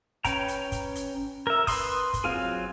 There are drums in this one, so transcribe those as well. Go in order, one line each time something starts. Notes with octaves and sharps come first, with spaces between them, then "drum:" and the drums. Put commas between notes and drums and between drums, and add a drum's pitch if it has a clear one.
C#4 B4 G5 A#5, drum: kick, hi-hat
drum: hi-hat
drum: kick, hi-hat
drum: hi-hat
A#4 E5
B4 B5 C6 D#6, drum: kick, open hi-hat
drum: kick, hi-hat
F#3 C4 F4 G#4